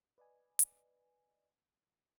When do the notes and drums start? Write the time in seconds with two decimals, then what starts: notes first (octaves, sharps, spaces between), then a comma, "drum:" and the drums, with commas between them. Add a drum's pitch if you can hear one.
0.18 B4 D5 D#5 G#5
0.59 drum: hi-hat